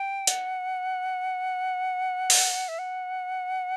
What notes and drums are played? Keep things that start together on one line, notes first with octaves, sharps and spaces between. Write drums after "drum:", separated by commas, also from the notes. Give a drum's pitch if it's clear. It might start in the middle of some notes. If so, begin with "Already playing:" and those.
Already playing: G5
F#5, drum: hi-hat
drum: open hi-hat
E5
F#5